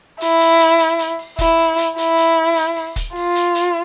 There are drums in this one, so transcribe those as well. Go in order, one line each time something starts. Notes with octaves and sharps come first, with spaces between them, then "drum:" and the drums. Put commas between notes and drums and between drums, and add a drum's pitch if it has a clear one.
E4, drum: hi-hat
drum: hi-hat
drum: hi-hat
drum: hi-hat
drum: hi-hat
drum: open hi-hat
E4, drum: kick, hi-hat
drum: open hi-hat
drum: hi-hat
E4, drum: hi-hat
drum: hi-hat
drum: hi-hat
drum: open hi-hat
drum: kick, hi-hat
F4, drum: open hi-hat
drum: hi-hat
drum: hi-hat